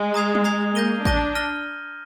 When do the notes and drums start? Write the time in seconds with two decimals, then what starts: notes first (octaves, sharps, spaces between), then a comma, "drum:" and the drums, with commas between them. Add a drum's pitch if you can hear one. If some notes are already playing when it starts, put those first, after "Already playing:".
Already playing: G#3
0.14 A#5 D#6 G#6 C7 F7
0.35 drum: tom
0.44 A#5 D#6 G#6 C7 F7
0.75 A#3 G6 A#6 D#7 G7
1.05 D4 G6 A#6 D#7 G7, drum: kick A1
1.35 F6 A#6 D#7 G7